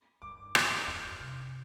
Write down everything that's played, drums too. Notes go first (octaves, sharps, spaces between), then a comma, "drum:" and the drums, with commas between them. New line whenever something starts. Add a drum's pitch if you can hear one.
G2 D6
drum: rim click
F2 F6
G6
G2
F6
C3